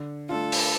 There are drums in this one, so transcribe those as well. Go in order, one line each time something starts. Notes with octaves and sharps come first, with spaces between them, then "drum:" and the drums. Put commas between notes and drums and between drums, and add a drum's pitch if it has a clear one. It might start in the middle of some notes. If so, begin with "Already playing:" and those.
Already playing: D3
A3 D4 F4 A4
drum: open hi-hat